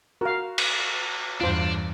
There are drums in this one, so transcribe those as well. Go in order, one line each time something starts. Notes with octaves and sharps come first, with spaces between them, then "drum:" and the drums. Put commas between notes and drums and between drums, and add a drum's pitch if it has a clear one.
F#4 A#4 F5
drum: cymbal
E2 G2 D4 F4 C5